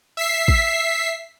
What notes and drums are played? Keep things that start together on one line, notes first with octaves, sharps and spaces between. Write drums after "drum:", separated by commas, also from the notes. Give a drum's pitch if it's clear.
E5 B6 C7
drum: kick